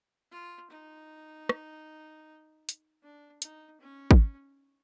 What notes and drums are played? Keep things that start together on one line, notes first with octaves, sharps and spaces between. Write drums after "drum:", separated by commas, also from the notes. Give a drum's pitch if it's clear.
F4
D#4
drum: rim click
drum: hi-hat
D4
D#4, drum: hi-hat
C#4
drum: kick